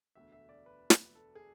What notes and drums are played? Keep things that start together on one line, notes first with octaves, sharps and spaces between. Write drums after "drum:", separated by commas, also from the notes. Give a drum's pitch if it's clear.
E1 D2 D3 A3 E5
E5
D5
B4
B4, drum: snare
A4
G#4